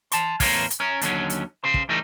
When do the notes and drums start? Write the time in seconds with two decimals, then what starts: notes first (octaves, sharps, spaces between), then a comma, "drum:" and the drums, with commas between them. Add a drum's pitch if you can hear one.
0.12 A5 C6, drum: hi-hat
0.40 E2 A2 A#4 C5 C#5 F5, drum: kick, open hi-hat
0.70 drum: hi-hat
0.80 C#4 A#4
1.01 D#2 D3 F3 F#3 C#4, drum: hi-hat
1.30 drum: hi-hat
1.64 C#3 C5
1.74 drum: kick
1.89 E3 G3 A3 D#4